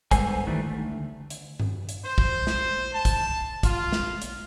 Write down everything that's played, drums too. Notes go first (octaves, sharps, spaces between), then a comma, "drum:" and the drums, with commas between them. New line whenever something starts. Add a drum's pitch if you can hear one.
G2 G#3 B3 A4 C5 G#5, drum: kick, hi-hat
D#3 E3 G3 A3
D2
drum: hi-hat
drum: tom G2
drum: hi-hat
C5
drum: kick
drum: snare
A5
drum: kick, hi-hat
F4, drum: kick, hi-hat
drum: snare
drum: hi-hat